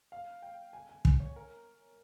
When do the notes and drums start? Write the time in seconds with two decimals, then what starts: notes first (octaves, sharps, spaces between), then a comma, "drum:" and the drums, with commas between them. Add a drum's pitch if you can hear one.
0.12 F5
0.42 G5
0.73 G#5
0.89 G#5
1.05 G#5, drum: kick
1.20 C#5
1.36 A#4